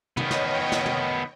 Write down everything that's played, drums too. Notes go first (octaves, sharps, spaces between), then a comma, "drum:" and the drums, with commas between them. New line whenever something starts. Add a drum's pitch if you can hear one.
D#3 B3 C#5 D#5 G5, drum: tom
drum: snare
drum: snare
drum: tom